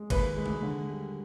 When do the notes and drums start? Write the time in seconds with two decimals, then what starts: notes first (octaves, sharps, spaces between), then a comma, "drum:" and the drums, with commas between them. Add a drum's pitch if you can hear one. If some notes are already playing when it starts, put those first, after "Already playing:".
Already playing: G#3
0.10 D#2 B4 B5, drum: kick, cymbal
0.37 G#3
0.46 drum: tom C#3
0.63 D3
0.89 G3